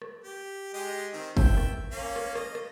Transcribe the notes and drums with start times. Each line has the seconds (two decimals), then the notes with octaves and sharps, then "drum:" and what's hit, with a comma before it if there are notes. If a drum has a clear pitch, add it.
0.02 drum: rim click
0.24 G4
0.74 G#3 G4 D#5
1.13 D#3 C4
1.37 E5 G5, drum: kick G1
1.57 drum: rim click
1.91 A#3 C#4 F5
2.16 drum: rim click
2.35 D#5, drum: rim click
2.55 drum: rim click